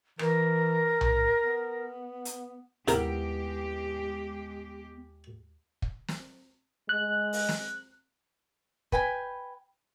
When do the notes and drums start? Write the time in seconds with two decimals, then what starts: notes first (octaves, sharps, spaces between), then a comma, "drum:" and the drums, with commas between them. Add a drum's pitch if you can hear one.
0.19 E3 A#4, drum: rim click
1.01 drum: tom B1
1.43 B3
2.25 drum: hi-hat
2.88 D#2 C3 G#3 B3 E4 G4 A#4 F6, drum: hi-hat
5.82 drum: kick
6.08 drum: snare
6.89 G#3 F#6
7.33 drum: open hi-hat
7.49 drum: snare
8.92 B4 G5 G#5 B5, drum: kick